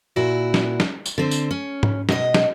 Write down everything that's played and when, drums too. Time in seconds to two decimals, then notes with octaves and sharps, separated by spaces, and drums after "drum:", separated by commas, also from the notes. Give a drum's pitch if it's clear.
0.16 A#2 E4 F#4
0.54 drum: snare
0.80 drum: snare
1.06 drum: tambourine
1.18 D3 C4 C5
1.31 drum: tambourine
1.51 C#4
1.83 drum: tom G#2
2.09 B2 D#5, drum: snare
2.34 drum: snare